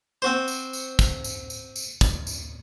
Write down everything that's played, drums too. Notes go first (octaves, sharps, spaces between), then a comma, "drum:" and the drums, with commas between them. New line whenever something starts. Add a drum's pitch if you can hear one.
C4 F#4 C5
drum: tambourine
drum: tambourine
drum: kick, tambourine
drum: tambourine
drum: tambourine
drum: tambourine
drum: kick, tambourine
drum: tambourine